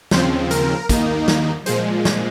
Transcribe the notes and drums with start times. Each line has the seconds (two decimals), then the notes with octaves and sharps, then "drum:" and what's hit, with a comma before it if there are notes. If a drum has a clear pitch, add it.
0.11 D#2 C#3 F3 C4 C5, drum: snare
0.51 A#4, drum: hi-hat
0.89 D#2 D#3 A#3 D#4, drum: kick, hi-hat
1.28 drum: snare
1.66 A#2 F3 G#3 C5, drum: hi-hat
2.05 drum: snare